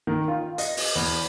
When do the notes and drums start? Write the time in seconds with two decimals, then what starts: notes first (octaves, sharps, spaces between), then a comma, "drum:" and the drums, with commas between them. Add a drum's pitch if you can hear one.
0.07 D#3
0.28 F4
0.58 D#5, drum: hi-hat
0.77 drum: open hi-hat
0.95 E2